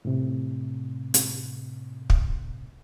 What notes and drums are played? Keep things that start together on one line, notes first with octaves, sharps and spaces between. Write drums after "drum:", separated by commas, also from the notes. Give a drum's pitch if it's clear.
A2 C3
drum: hi-hat
drum: kick